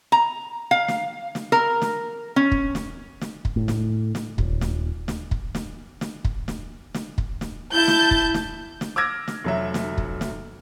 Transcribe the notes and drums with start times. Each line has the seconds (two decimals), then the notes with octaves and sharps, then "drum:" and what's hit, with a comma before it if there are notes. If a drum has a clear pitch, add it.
0.12 A#5
0.71 F5
0.88 drum: snare
1.35 drum: snare
1.52 A#4
1.82 drum: snare
2.36 C#4
2.52 drum: kick
2.75 drum: snare
3.21 drum: snare
3.45 drum: kick
3.56 A2
3.68 drum: snare
4.15 drum: snare
4.38 D#1, drum: kick
4.61 drum: snare
5.08 drum: snare
5.31 drum: kick
5.55 drum: snare
6.01 drum: snare
6.25 drum: kick
6.48 drum: snare
6.94 drum: snare
7.18 drum: kick
7.41 drum: snare
7.73 E4 A5 G6
7.88 drum: snare
8.11 drum: kick
8.34 drum: snare
8.81 drum: snare
8.96 D6 E6 F6 G#6 A#6 D7
9.28 drum: snare
9.44 F1 F#3 E5
9.74 drum: snare
9.98 drum: kick
10.21 drum: snare